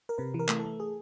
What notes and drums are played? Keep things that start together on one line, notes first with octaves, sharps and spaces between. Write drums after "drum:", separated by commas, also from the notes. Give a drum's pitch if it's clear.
A#4
C3 B4
E3
A#4
A3, drum: clap
A4
A3
G#4